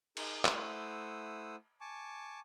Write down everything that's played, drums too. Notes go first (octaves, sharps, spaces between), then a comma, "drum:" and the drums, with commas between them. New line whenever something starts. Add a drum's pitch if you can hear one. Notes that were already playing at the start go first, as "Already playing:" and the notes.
D#4 G#4 A#4 D#6, drum: cymbal
A3 E4 C5 F#5 D#6 E6, drum: clap
G#5 A5 C#6 D6